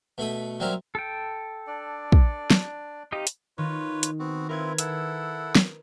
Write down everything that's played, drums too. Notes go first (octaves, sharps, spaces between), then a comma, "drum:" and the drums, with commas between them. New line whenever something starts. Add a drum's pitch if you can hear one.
B2 A3 B5 D#6
F#3 G3 C4 E4 A#4
A4 G5
D4 D5
drum: kick
drum: snare
C4 D#4 G4 D#5 F5
drum: hi-hat
D#3 F4 B4 C#5
drum: hi-hat
B3 C4 F#4
C4 E4 F4 A#4 B4 G#6
E4 A4 F#5 E6, drum: hi-hat
drum: snare